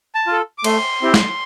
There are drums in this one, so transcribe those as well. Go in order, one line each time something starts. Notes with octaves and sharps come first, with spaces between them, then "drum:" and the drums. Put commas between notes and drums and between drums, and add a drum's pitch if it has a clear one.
A5
F4 A4
D6
A3 C6, drum: cymbal
C4 E4 G4
drum: snare